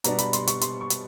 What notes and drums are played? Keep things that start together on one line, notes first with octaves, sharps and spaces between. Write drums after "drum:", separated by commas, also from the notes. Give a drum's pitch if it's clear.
B2 G3 B3 D4 A#5, drum: hi-hat
B5, drum: hi-hat
C6, drum: hi-hat
C#6, drum: hi-hat
C6, drum: hi-hat
C#6
drum: hi-hat